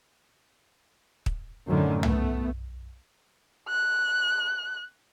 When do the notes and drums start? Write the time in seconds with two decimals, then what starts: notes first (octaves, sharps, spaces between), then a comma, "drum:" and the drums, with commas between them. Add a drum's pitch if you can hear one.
1.26 drum: kick
1.68 F#2 A2 D3 D#3
2.03 A3 B3, drum: tom C2
3.69 F#6